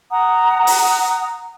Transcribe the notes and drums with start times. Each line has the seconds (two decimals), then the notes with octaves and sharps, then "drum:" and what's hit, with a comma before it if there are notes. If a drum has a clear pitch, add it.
0.10 F#5 A#5 D#6
0.67 drum: open hi-hat